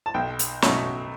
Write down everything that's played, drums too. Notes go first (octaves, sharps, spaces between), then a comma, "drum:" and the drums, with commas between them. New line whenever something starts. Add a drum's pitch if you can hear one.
A5
B1 G5
drum: hi-hat
B2 F#3 A3 C#4, drum: snare